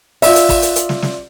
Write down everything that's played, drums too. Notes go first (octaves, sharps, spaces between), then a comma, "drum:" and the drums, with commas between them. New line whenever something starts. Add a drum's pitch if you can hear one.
F4 D5 E5, drum: open hi-hat
drum: hi-hat
drum: kick, open hi-hat
drum: hi-hat
drum: hi-hat
drum: snare
drum: snare